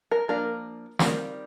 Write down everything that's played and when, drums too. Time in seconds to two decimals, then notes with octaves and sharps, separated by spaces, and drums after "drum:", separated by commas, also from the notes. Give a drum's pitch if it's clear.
0.11 A#4
0.28 F3 A#3 D4 F4 A#4
0.99 D#3 G3 C4 F4, drum: snare